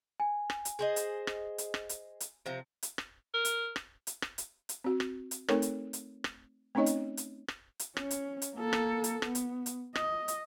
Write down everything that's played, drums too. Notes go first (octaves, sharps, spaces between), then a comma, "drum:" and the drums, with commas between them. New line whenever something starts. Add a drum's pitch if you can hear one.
G#5
drum: rim click
drum: hi-hat
G#4 C5 D#5
drum: hi-hat
drum: rim click
drum: hi-hat
drum: rim click
drum: hi-hat
drum: hi-hat
C3 F3 A#5
drum: hi-hat
drum: rim click
A#4
drum: hi-hat
drum: rim click
drum: hi-hat
drum: rim click
drum: hi-hat
drum: hi-hat
C4 F#4
drum: rim click
drum: hi-hat
A3 C4 D#4 A4 A#4 C#5, drum: rim click
drum: hi-hat
drum: hi-hat
drum: rim click
A3 C4 C#4 D#4 C#5 D#5
drum: hi-hat
drum: hi-hat
drum: rim click
drum: hi-hat
C#4, drum: rim click
drum: hi-hat
drum: hi-hat
A#3 A4
drum: rim click
drum: hi-hat
B3, drum: rim click
drum: hi-hat
drum: hi-hat
D#5, drum: rim click
drum: hi-hat